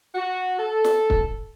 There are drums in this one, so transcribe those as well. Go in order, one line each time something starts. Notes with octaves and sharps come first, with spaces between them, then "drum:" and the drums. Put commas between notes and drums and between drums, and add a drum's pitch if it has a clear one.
F#4
A4
drum: snare
drum: kick